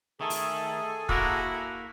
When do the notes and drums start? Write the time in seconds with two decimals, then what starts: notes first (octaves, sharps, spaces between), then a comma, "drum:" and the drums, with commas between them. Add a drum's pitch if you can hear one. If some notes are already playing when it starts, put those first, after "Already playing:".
0.21 D#3 A3 G#4 A4 G#5
0.30 drum: open hi-hat
1.09 A#3 E4 F#4 A#4, drum: kick